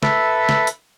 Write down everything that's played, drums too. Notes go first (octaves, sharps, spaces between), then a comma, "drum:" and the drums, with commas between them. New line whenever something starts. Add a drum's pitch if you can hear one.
A4 B4 E5, drum: snare
drum: snare
drum: hi-hat